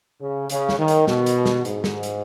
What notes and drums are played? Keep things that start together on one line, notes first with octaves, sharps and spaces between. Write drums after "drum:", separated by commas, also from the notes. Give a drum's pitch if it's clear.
C#3
C#3, drum: hi-hat
drum: snare
D#3
drum: hi-hat
B2, drum: snare
drum: hi-hat
drum: snare
G#2, drum: hi-hat
drum: snare
drum: hi-hat